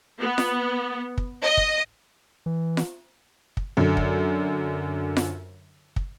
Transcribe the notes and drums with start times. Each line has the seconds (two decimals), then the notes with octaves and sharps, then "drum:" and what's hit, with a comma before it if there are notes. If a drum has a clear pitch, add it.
0.20 B3
0.38 drum: snare F4
1.18 drum: kick
1.43 D#5
1.57 drum: kick
2.46 E3
2.77 drum: snare F4
3.57 drum: kick
3.77 F#2 D3
3.97 drum: kick
5.17 drum: snare F4
5.96 drum: kick